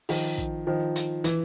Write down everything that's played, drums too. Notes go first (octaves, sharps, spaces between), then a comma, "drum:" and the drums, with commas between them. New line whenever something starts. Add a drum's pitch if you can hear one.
D#3 F3, drum: open hi-hat
drum: kick
D#3 F3
drum: hi-hat
E3, drum: hi-hat